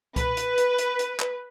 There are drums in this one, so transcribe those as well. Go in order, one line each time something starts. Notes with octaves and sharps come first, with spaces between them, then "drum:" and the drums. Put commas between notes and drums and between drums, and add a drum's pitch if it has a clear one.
B4, drum: kick C2, hi-hat
drum: hi-hat
drum: hi-hat
drum: hi-hat
drum: hi-hat
drum: clap